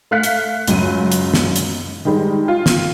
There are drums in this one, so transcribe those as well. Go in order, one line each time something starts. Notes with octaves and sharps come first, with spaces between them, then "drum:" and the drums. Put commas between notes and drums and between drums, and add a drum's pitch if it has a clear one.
A3 F5 F#6 B6 C#7
drum: hi-hat
C#2 F#2 D#7, drum: hi-hat
drum: hi-hat
drum: snare
drum: hi-hat
D#3 G3 G#3
F4
drum: snare